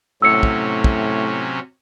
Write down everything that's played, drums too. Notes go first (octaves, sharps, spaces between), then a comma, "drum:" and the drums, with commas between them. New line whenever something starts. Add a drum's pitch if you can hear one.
A2 C3 F#3 C#4 E6 C#7
drum: kick
drum: kick